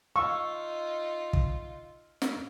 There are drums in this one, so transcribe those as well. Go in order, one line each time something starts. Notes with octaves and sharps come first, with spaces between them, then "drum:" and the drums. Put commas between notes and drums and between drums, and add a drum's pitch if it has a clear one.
D#4 F4 F5 C#6 E6
drum: kick
drum: snare